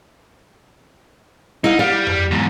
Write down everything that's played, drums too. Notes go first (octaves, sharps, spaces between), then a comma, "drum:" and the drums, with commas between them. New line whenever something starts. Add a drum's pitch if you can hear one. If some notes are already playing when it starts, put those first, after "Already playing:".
D#4 E4 F5
G3 F5
drum: tom F2
E2 G#2